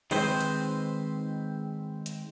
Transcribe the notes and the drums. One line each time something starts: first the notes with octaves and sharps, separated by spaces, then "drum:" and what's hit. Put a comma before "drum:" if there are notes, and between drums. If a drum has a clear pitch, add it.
D#3 G#3 C4 B4 C5, drum: cymbal
drum: hi-hat
drum: hi-hat